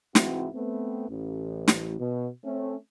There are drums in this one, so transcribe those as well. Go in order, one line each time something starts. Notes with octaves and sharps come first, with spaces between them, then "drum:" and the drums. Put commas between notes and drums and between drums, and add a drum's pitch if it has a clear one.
C2 G#2 E3 C4 E4 F#4, drum: snare
A3 B3 C4
A1
drum: snare
B2
A3 C4 C#4